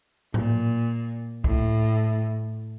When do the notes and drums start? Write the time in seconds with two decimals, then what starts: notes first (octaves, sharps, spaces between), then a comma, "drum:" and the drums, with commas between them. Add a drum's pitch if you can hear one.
0.34 A#2, drum: tom A2
1.44 A2, drum: kick